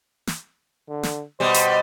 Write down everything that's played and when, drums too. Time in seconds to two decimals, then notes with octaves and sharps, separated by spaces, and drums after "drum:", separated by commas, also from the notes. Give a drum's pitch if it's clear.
0.27 drum: snare
0.89 D3
1.03 drum: snare
1.40 B2 G3 C5
1.54 drum: hi-hat